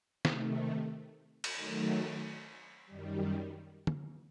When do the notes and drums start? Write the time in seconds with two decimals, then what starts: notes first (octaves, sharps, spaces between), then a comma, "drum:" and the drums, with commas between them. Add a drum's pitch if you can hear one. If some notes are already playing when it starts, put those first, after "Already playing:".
0.25 C3 D#3 A3, drum: snare
1.44 drum: cymbal
1.56 D#3 F#3 A3
2.86 F#2 D#3 G3
3.87 drum: tom